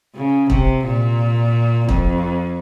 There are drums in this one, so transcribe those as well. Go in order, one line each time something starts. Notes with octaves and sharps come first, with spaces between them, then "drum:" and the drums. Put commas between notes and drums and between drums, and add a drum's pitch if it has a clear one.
C#3
C3, drum: kick
A#2
F2, drum: kick